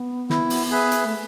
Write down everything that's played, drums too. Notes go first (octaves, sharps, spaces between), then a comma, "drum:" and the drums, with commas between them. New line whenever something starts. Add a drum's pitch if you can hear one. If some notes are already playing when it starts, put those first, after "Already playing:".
Already playing: B3
E4, drum: snare
drum: open hi-hat
G#4 B4 E5
drum: hi-hat
A3